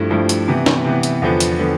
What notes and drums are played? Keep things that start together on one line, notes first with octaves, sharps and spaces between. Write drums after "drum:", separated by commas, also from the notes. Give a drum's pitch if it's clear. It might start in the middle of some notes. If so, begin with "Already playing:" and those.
Already playing: G2 F3 A3 E4
G2 F3 A3 E4
drum: hi-hat
C3 E3 B3
drum: snare
C3 E3 B3
drum: hi-hat
E2 D3 F3 B3
drum: hi-hat
D3 F3 B3